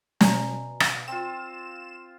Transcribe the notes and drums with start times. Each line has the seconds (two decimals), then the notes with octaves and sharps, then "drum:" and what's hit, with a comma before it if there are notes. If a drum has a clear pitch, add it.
0.21 B2 D5 G#5 A#5, drum: snare
0.80 drum: rim click
1.08 C4 F4 E7